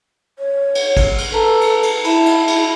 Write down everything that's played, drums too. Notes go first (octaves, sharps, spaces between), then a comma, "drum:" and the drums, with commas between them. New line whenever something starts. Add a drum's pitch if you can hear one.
C#5
drum: cymbal
drum: kick, cymbal
drum: cymbal
A4 B4 A5 A#5
drum: cymbal
drum: cymbal
E4 E5 A5 B5, drum: cymbal
drum: cymbal
drum: cymbal